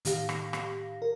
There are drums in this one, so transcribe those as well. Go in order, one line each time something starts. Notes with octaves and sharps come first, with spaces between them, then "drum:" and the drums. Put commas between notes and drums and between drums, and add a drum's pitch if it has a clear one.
A2 D#3 G4 F5 A#6, drum: hi-hat
drum: rim click
drum: rim click
A#4